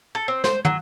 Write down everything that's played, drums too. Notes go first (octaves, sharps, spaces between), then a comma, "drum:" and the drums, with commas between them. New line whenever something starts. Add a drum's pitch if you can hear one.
A4
C4
C5, drum: snare
F#3, drum: tom